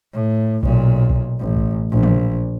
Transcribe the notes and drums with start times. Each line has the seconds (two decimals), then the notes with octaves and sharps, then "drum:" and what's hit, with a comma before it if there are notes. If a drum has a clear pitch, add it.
0.13 A2
0.63 B1 A#2, drum: kick B1
1.10 drum: kick B1
1.40 A1
1.56 drum: kick B1
1.91 A#1
2.03 drum: tom